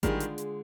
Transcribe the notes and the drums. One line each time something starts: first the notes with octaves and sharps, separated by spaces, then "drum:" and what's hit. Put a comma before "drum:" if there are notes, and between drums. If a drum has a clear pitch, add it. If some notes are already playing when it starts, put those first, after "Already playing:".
D3 D#3 G3 G#3 D4 F4 G#4, drum: kick G#1, hi-hat
drum: hi-hat
drum: hi-hat